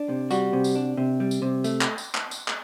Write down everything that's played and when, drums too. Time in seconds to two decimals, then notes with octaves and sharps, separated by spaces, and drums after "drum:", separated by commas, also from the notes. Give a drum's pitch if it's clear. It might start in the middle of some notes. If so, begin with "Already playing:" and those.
Already playing: D4
0.09 C3
0.31 G3 F#4, drum: tambourine
0.53 C3
0.64 drum: tambourine
0.75 D4
0.97 C3
1.20 G3
1.31 drum: tambourine
1.42 C3
1.64 A3, drum: tambourine
1.81 drum: clap
1.98 drum: tambourine
2.15 drum: clap
2.31 drum: tambourine
2.48 drum: clap